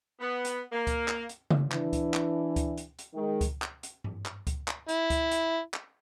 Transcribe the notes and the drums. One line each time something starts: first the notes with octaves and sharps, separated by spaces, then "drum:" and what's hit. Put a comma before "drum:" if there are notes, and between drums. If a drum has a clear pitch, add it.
B3
drum: hi-hat
A#3
drum: kick C#2, hi-hat
drum: clap
drum: hi-hat
drum: tom C#3
E3 D4, drum: clap
drum: kick C#2, hi-hat
drum: clap
drum: kick C#2, hi-hat
drum: hi-hat
drum: hi-hat
D#3 G#3
drum: kick C#2, hi-hat
drum: clap
drum: hi-hat
drum: tom G#2
drum: clap
drum: kick C#2, hi-hat
drum: clap
E4, drum: hi-hat
drum: kick C#2, hi-hat
drum: hi-hat
drum: clap